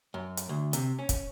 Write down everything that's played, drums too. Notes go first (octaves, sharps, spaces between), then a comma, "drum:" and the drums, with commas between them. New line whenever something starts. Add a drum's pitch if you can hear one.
F#2
drum: hi-hat
D2
C3, drum: hi-hat
C#4
drum: kick, hi-hat